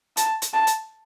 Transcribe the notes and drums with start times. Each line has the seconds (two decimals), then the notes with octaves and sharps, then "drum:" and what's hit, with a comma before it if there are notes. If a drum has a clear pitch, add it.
0.17 A5, drum: hi-hat
0.42 drum: hi-hat
0.54 A5
0.67 drum: hi-hat